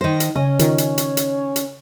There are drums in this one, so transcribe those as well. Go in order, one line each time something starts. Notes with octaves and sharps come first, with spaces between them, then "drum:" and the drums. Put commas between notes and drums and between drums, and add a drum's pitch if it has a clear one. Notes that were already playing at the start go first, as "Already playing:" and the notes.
D#3 C5 A#6
drum: hi-hat
C#3 C#4 D#5
D#3 F4, drum: hi-hat
drum: hi-hat
drum: hi-hat
drum: hi-hat
drum: hi-hat